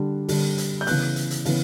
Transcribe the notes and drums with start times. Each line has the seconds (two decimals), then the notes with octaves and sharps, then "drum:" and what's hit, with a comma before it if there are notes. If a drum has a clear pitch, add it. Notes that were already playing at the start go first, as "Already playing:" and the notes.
Already playing: D3 G3 D4
0.28 D3 G3 D4, drum: open hi-hat
0.58 drum: hi-hat
0.81 G6
0.87 C#3 E3 B3 F#6, drum: open hi-hat
1.16 drum: hi-hat
1.31 drum: hi-hat
1.45 C#3 E3 B3, drum: open hi-hat